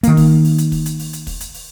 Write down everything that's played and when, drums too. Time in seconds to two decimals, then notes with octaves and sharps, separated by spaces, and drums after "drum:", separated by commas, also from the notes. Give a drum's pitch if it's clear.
0.03 D#3 A#3, drum: hi-hat
0.17 drum: kick, open hi-hat
0.45 drum: open hi-hat
0.58 drum: hi-hat
0.72 drum: kick, open hi-hat
0.86 drum: hi-hat
0.99 drum: open hi-hat
1.13 drum: hi-hat
1.27 drum: kick, open hi-hat
1.40 drum: hi-hat
1.54 drum: open hi-hat